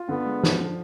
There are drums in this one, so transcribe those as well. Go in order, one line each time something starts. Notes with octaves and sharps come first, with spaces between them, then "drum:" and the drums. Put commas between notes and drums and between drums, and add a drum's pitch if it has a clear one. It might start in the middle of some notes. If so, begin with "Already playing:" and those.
Already playing: F4
D3 B3
G#3
F3, drum: snare
D3